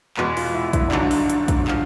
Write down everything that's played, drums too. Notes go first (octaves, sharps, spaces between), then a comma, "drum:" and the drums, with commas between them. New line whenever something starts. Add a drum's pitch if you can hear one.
E2 B2 G#3 F#4, drum: clap
F4, drum: open hi-hat
E4
E4, drum: kick, hi-hat
D4
G#1 G2 D3 F#3 D#4, drum: clap
drum: open hi-hat
drum: hi-hat
drum: kick, hi-hat
D3 F3, drum: clap